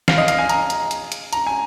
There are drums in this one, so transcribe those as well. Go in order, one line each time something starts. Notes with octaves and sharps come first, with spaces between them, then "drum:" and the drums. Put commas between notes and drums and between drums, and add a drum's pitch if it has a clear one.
F5, drum: snare
D#5
F5, drum: hi-hat
G#5
A#5, drum: hi-hat
drum: hi-hat
drum: hi-hat
drum: hi-hat
A#5, drum: hi-hat
G#5